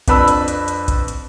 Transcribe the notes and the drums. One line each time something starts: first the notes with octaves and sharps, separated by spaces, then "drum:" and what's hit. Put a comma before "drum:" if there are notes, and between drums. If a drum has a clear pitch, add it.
F2 D4 B4 A5 B5 E6, drum: kick A#1, hi-hat
drum: hi-hat
drum: hi-hat
drum: hi-hat
drum: kick A#1, hi-hat
drum: hi-hat